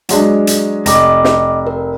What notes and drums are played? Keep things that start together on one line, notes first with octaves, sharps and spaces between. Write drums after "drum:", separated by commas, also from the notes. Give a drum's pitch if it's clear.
F#3 G#3 D4, drum: hi-hat
drum: hi-hat
F1 D#5 D6 A#6, drum: hi-hat
drum: snare
A#4